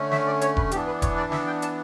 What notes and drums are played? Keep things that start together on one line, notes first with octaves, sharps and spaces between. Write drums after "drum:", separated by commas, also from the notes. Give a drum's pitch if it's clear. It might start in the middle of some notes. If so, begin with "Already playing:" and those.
Already playing: D3 A3 C#4
E5, drum: snare
D5
C#5, drum: hi-hat
B4, drum: kick E1
E3 B3 D4 G4, drum: hi-hat
B4
C#5, drum: kick E1, hi-hat
D5
E5, drum: snare
G5
A5, drum: hi-hat